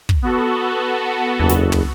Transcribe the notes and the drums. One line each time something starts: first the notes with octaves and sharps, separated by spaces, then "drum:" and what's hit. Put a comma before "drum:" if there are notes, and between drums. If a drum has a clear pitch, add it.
drum: kick
B3 F#4 A4
F#1 E2
drum: snare
drum: tom